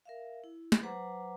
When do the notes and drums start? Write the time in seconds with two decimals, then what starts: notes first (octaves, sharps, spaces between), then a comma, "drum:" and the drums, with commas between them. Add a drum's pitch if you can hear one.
0.05 A#4 E5 F5
0.44 E4
0.72 drum: snare
0.83 F#3 B4 C5 F#5 A#5 D6